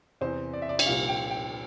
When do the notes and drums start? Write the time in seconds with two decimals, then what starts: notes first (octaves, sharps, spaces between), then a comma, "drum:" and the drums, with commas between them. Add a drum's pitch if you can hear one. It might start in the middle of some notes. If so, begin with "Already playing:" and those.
0.21 E2 C3 E3 C5
0.53 D5
0.62 E5
0.69 D5
0.79 E5, drum: cymbal
0.87 C2 A#2 F3 F5
1.08 G5
1.30 G5